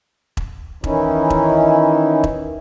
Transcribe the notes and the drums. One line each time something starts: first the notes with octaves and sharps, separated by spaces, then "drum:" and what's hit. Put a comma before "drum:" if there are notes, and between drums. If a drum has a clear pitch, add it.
drum: kick E1
D#3 E3 C#4 D#4 E4, drum: kick E1
drum: kick E1
drum: kick E1